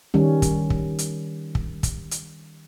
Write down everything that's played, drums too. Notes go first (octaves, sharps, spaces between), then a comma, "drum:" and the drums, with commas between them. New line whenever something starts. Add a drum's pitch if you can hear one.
D#3 G3 C#4
drum: kick, hi-hat
drum: kick
drum: hi-hat
drum: kick
drum: kick, hi-hat
drum: hi-hat